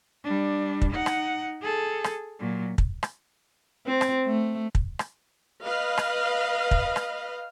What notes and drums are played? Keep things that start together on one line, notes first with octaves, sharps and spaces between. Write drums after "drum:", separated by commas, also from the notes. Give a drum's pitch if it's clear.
G3 D4
drum: kick
D#4 F#5
drum: rim click
G#4 A4
drum: rim click
A#2 F#3
drum: kick
drum: rim click
C4
drum: rim click
A3
drum: kick
drum: rim click
B4 D#5 F5
drum: rim click
drum: kick
drum: rim click